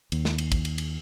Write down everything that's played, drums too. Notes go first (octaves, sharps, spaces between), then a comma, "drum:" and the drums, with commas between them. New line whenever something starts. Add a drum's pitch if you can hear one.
D#2, drum: cymbal
drum: snare
drum: cymbal
drum: kick, cymbal
drum: cymbal
drum: cymbal